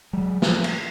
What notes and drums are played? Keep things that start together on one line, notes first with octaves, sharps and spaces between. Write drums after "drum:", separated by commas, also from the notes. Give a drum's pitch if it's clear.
F#3 G#3
F3 G3, drum: snare
drum: cymbal